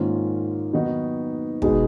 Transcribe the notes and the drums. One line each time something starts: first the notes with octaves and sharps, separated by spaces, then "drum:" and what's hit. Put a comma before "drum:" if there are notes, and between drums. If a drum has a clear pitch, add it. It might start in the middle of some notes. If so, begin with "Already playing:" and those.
Already playing: G#2 D#3 A#3 C#4 F4
D#3 F#3 B3 D#4 F#4
B2 G#3 B3 D#4 G#4, drum: kick